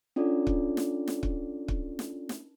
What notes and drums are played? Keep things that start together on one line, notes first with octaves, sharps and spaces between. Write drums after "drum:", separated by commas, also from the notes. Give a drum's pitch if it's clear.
C#4 D4 F4 A4 D5
drum: kick
drum: snare
drum: snare
drum: kick
drum: kick
drum: snare
drum: snare